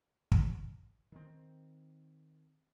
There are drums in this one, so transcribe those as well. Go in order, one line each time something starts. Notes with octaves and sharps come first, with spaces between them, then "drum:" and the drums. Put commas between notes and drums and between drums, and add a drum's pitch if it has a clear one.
drum: kick
D#3 C4